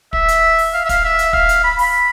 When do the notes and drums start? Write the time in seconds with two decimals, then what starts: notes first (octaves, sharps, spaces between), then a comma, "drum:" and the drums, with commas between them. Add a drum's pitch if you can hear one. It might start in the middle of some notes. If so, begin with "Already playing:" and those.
0.13 E5, drum: kick
0.28 drum: hi-hat
0.58 drum: open hi-hat
0.74 F5
0.85 E5
0.89 F5, drum: kick, hi-hat
1.04 E5
1.19 drum: hi-hat
1.33 F5, drum: kick
1.49 drum: hi-hat
1.64 B5
1.79 B5, drum: open hi-hat